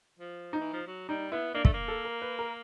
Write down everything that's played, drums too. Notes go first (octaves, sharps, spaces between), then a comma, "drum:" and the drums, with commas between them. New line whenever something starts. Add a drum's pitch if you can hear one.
F3
D#4
E3
F3
F#3
G3 D#4
B3 E4
A#3 D4
A3, drum: kick
A#3
A4
A#4
B4
A#4